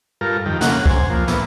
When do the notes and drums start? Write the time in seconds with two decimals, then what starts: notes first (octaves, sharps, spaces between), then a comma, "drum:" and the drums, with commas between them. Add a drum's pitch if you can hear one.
0.21 G2 F4 A4 A#4
0.46 F2 D#3 G3
0.61 C#3 A#3 F#5, drum: snare
0.86 C5 G#5, drum: kick C2
1.10 F3 A#3
1.28 A#2 E3 B3, drum: snare